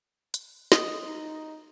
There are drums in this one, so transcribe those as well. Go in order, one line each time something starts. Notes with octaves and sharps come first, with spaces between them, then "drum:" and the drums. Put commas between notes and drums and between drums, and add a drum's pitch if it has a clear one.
drum: hi-hat
D#5, drum: snare
D#4